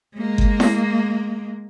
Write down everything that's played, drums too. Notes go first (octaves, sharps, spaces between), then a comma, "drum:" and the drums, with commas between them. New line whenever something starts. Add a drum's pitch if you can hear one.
G#3 A#3
drum: kick G1
drum: snare E4